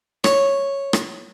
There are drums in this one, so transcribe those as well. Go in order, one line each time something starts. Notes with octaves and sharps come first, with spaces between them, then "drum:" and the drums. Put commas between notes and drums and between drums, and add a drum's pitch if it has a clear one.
C#5, drum: rim click
drum: rim click